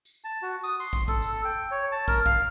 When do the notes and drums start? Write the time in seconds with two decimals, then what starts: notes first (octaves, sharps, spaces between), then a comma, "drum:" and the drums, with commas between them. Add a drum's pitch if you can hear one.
0.05 drum: tambourine
0.24 A5
0.42 F#4
0.64 D#6, drum: tambourine
0.80 C6, drum: tambourine
0.93 drum: kick, tambourine
1.08 A4, drum: kick
1.22 drum: tambourine
1.45 G5
1.71 C#5
1.92 A5
2.08 A#4, drum: kick, tambourine
2.26 F5, drum: kick